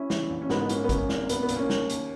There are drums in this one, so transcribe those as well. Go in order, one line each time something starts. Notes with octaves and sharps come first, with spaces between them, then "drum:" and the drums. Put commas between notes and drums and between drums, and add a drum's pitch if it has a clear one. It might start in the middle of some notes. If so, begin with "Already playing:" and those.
Already playing: C#4 E4
E3, drum: snare
A#1
C#4
G#2 B3 D#4, drum: snare
B3
G#2 A#3 C#4, drum: hi-hat
B3
F#2 A#3 C#4, drum: kick, hi-hat
G#1 A#3, drum: snare
A#1 B3, drum: hi-hat
B3
A#1, drum: hi-hat
A#3 C#4
D#2, drum: snare
D#2, drum: hi-hat